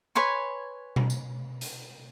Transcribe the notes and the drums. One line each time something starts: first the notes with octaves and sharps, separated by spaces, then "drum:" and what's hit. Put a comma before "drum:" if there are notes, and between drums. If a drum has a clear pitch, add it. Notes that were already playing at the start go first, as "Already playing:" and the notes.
B4 C#5 G#5 C6
drum: tom B2
drum: tambourine
drum: hi-hat